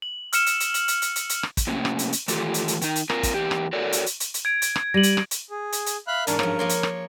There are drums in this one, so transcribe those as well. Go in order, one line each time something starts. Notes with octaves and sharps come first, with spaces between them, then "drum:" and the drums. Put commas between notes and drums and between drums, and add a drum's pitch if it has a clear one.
F#7
E6 F6 C#7 E7, drum: hi-hat
drum: hi-hat
drum: hi-hat
F#7, drum: hi-hat
drum: hi-hat
drum: hi-hat
drum: hi-hat
drum: hi-hat
drum: rim click
drum: kick, hi-hat
A2 C3 A#3 C#4
drum: rim click
drum: hi-hat
drum: hi-hat
D#3 E3 A3 F4 G4 A4, drum: hi-hat
drum: hi-hat
drum: hi-hat
D#3 D#4, drum: hi-hat
drum: hi-hat
C4 F4 A#4, drum: rim click
drum: kick, hi-hat
E2 G4
drum: rim click
F#4 A4 A#4 C#5 D5
drum: hi-hat
drum: hi-hat
drum: hi-hat
drum: hi-hat
G#6 D7
drum: hi-hat
drum: rim click
G3 A#6 D#7 F#7
drum: hi-hat
drum: rim click
drum: hi-hat
G#4
drum: hi-hat
drum: hi-hat
E5 F5 B5 F#6
E2 G#2 C#4 D4 A#4, drum: hi-hat
G2 F3 C#5, drum: rim click
F3 A#3 C#5 C6
drum: hi-hat
drum: rim click